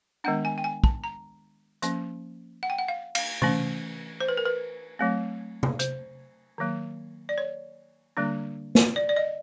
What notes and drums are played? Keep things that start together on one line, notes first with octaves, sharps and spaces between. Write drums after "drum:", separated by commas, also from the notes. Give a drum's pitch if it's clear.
D#3 G#3 B3 D4 F#5
G#5
G5
G#5
A5, drum: kick
A#5
F3 A#3 C#4, drum: hi-hat
F#5
G5
F#5
F5
F5, drum: cymbal
E3 A3 C#4, drum: tom C3
C5
B4
A#4
B4
F#3 A3 C4
drum: tom C3
C5, drum: hi-hat
D#3 F#3 A#3
D5
C#5
D3 G3 A#3 D4
drum: snare
D5
D5
D#5